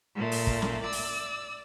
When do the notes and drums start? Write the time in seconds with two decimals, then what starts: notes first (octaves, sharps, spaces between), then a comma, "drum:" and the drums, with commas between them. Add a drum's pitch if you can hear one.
0.16 A#2 A3
0.32 drum: open hi-hat
0.47 drum: kick
0.62 drum: snare
0.82 D5 E6
0.92 drum: open hi-hat